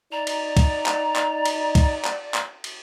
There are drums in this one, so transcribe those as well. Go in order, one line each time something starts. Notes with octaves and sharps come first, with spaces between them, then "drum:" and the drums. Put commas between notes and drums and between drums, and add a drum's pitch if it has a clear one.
D#4 D5 A#5
drum: cymbal
drum: kick, cymbal
drum: clap
drum: clap
drum: cymbal
drum: kick, cymbal
drum: clap
drum: clap
drum: cymbal